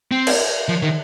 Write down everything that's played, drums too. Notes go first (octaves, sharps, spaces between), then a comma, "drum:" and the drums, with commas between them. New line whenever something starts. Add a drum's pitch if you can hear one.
C4
drum: cymbal
F3
D#3